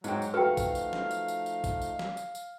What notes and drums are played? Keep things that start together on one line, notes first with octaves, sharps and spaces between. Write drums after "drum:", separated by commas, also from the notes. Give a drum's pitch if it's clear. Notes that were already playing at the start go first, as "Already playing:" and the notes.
G#2 F#3 G5, drum: tambourine
drum: tambourine
F3 A3 D#4 F#4 A4 B4 F5 G5
drum: kick A1, tambourine
drum: tambourine
drum: snare
drum: tambourine
drum: tambourine
drum: tambourine
drum: kick A1, tambourine
drum: tambourine
drum: snare
drum: tambourine
drum: tambourine